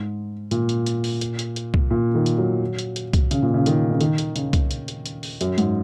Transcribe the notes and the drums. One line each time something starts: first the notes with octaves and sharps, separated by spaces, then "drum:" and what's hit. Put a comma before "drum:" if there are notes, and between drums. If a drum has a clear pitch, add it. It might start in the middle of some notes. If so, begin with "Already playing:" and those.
Already playing: G#2
A#2, drum: hi-hat
drum: hi-hat
drum: hi-hat
drum: open hi-hat
drum: hi-hat
drum: hi-hat
drum: hi-hat
drum: kick C2
A#2
D#3
drum: hi-hat
F#3
drum: hi-hat
drum: hi-hat
drum: kick C2, hi-hat
C#3, drum: hi-hat
A#2
C#3
D#3, drum: hi-hat
C#3
D#3, drum: hi-hat
drum: hi-hat
C#3, drum: hi-hat
drum: kick C2, hi-hat
drum: hi-hat
drum: hi-hat
drum: hi-hat
drum: open hi-hat
F#2, drum: hi-hat
G#2, drum: hi-hat